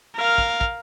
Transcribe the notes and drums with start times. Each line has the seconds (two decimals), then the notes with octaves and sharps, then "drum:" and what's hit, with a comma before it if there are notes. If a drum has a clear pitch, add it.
0.15 A#4 F5
0.38 drum: kick
0.61 drum: kick